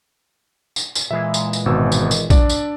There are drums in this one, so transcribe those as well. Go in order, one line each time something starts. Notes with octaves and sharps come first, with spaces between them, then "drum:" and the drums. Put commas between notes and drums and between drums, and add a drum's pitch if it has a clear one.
drum: tambourine
drum: tambourine
A#2 E3 G#3 E5
drum: tambourine
drum: tambourine
G#1 B2 E6
drum: tambourine
drum: tambourine
D4 D5, drum: kick A#1, tambourine
drum: tambourine